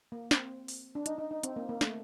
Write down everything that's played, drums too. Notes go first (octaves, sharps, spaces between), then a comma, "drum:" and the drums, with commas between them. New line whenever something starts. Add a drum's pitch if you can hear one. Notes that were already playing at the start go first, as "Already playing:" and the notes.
A#3
C4, drum: snare
drum: open hi-hat
D4
D#4, drum: hi-hat
D#4
D#4
C4, drum: hi-hat
A#3
A#3
A3, drum: snare